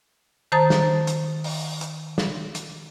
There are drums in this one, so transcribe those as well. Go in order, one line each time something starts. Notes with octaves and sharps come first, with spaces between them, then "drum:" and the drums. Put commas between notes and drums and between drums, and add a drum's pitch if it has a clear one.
D#3 C5 A5 A#5 D#6 A6
drum: snare
drum: hi-hat
drum: open hi-hat
drum: hi-hat
drum: snare
drum: hi-hat